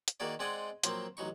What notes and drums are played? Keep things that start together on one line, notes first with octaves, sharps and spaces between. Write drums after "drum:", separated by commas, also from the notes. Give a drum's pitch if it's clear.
drum: hi-hat
D#3 A#3 F#4 G#4 D5
G#3 C4 D5 D#5 F#5 G#5
F3 F#3 A#3 C4 C5, drum: hi-hat
A1 F#3 D#4 C#6